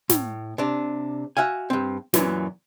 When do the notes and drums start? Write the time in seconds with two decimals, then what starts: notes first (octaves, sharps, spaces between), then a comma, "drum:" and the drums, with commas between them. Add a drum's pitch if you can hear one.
0.09 A2, drum: snare
0.58 C3 D4
1.37 F#4 E5 F5 G#5
1.70 G2 C4
2.14 F#2 A#2 E3 F#3, drum: snare